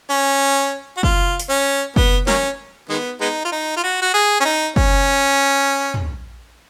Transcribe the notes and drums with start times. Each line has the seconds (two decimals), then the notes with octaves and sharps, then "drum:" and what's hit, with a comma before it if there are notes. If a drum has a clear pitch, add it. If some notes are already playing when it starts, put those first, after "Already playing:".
0.10 C#4
0.97 F#4
1.03 F4, drum: kick
1.39 drum: hi-hat
1.50 C#4
1.96 B3, drum: kick
2.27 F#3 A#3 C#4, drum: snare
2.90 D#3 G#3 B3
3.21 G#3 B3 D#4
3.45 F4
3.52 D#4
3.76 F4
3.83 F#4
4.02 F#4
4.14 G#4
4.40 C#4
4.45 D#4
4.76 C#4, drum: kick
5.94 drum: tom